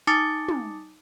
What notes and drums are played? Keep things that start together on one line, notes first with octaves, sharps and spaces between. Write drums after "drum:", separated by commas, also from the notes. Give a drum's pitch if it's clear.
D#4 A5 D6 D#6 A6 C#7
drum: tom